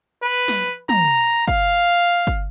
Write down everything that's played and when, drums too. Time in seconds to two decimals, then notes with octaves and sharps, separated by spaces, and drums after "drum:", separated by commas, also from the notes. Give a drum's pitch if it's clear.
0.23 B4
0.48 drum: snare
0.89 A#5, drum: tom
1.48 F5, drum: kick G1
2.27 drum: kick G1